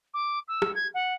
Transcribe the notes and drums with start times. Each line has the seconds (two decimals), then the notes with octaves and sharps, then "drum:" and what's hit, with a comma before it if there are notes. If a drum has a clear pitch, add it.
0.14 D6
0.48 E6
0.62 drum: rim click
0.75 G#6
0.94 F#5